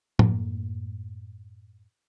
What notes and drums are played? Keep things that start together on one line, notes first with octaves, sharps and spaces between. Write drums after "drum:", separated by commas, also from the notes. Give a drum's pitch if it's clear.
F#2 A2 A#3, drum: tom A2